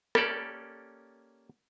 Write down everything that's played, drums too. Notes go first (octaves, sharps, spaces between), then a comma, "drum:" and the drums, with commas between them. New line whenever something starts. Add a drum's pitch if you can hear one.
A#3 C#4 G4 A4 D5, drum: rim click